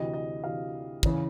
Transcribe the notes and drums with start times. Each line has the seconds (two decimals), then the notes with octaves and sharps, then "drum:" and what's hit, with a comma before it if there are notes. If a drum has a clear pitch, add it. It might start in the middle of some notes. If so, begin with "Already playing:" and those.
Already playing: D2 C3 E3 D#5
0.13 D#5
0.44 D2 C3 E3 F5
1.03 E2 C#3 E3, drum: kick